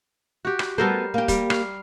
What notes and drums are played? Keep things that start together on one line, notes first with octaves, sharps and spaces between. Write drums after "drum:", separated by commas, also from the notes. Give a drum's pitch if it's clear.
F#4 G4
drum: rim click
G3 B3 F#4 A4 A#4 C5
A#3 G4
G3, drum: kick, hi-hat
F5, drum: rim click